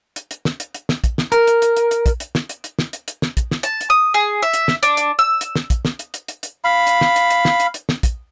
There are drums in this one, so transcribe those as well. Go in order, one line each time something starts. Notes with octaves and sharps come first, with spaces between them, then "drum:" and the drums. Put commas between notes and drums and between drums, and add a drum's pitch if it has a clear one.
drum: hi-hat
drum: hi-hat
drum: snare
drum: hi-hat
drum: hi-hat
drum: snare
drum: kick, hi-hat
drum: snare
A#4, drum: hi-hat
drum: hi-hat
drum: hi-hat
drum: hi-hat
drum: hi-hat
drum: kick, hi-hat
drum: hi-hat
drum: snare
drum: hi-hat
drum: hi-hat
drum: snare
drum: hi-hat
drum: hi-hat
drum: snare
drum: kick, hi-hat
drum: snare
A5, drum: hi-hat
drum: hi-hat
D#6
G#4
E5
drum: hi-hat
drum: snare
D4, drum: hi-hat
drum: hi-hat
E6
drum: hi-hat
drum: snare
drum: kick, hi-hat
drum: snare
drum: hi-hat
drum: hi-hat
drum: hi-hat
drum: hi-hat
F5 B5
drum: hi-hat
drum: snare
drum: hi-hat
drum: hi-hat
drum: snare
drum: hi-hat
drum: hi-hat
drum: snare
drum: kick, hi-hat